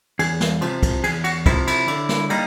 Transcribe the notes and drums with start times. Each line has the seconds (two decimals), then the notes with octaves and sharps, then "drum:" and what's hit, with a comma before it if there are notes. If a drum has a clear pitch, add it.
0.19 E2 G#4, drum: cymbal
0.40 drum: snare
0.61 C3 F3, drum: cymbal
0.83 drum: kick, cymbal
1.04 E2 G#4, drum: cymbal
1.24 F#4, drum: cymbal
1.46 C3 F3 E4, drum: kick, cymbal
1.67 E4, drum: cymbal
1.88 D3, drum: cymbal
2.09 drum: snare
2.30 G3 A#3 D#4, drum: cymbal